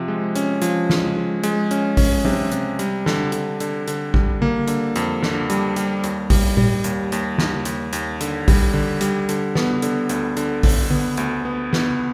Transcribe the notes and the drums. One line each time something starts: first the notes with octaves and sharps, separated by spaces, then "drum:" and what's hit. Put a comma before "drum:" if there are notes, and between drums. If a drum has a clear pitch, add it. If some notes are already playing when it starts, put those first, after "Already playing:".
Already playing: C3 F3
G#3
C#4, drum: hi-hat
F3, drum: hi-hat
G#3, drum: snare
G#3
G#3, drum: hi-hat
C#4, drum: hi-hat
C#4, drum: kick A1, open hi-hat
C3, drum: tom F#3
C3, drum: hi-hat
G3, drum: hi-hat
D3, drum: snare
D3, drum: hi-hat
D3, drum: hi-hat
D3, drum: hi-hat
G3, drum: kick A1
A#3, drum: tom D3
D3, drum: hi-hat
F2, drum: hi-hat
D3, drum: snare
G3, drum: hi-hat
G3, drum: hi-hat
D#2, drum: hi-hat
G3, drum: kick A1, open hi-hat
G3, drum: tom A#2
D#2, drum: hi-hat
D#2, drum: hi-hat
D#2, drum: snare
D#2, drum: hi-hat
D#2, drum: hi-hat
D3, drum: hi-hat
G3, drum: kick A1, open hi-hat
D3, drum: tom D3
G3, drum: hi-hat
D3, drum: hi-hat
B3, drum: snare
D3, drum: hi-hat
D2, drum: hi-hat
D3, drum: hi-hat
D3, drum: kick A1, open hi-hat
B3, drum: tom D3
D2, drum: hi-hat
B3
B3, drum: snare